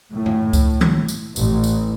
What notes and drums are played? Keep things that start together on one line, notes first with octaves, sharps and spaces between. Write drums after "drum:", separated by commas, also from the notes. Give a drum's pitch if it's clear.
A2
drum: tom F#2
drum: kick C#2, tambourine
drum: tom D#3
drum: tambourine
A1, drum: tambourine
drum: tambourine